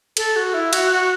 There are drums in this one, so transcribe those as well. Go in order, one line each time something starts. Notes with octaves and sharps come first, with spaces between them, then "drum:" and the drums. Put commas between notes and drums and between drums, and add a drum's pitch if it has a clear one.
A4, drum: cymbal
F#4
E4
F#4, drum: cymbal
F#4